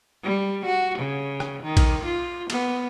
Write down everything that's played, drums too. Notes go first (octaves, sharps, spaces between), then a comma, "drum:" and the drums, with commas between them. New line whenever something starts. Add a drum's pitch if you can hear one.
G3
F#4
C#3
drum: rim click
D#3
drum: kick A#1, cymbal
F4
B3, drum: cymbal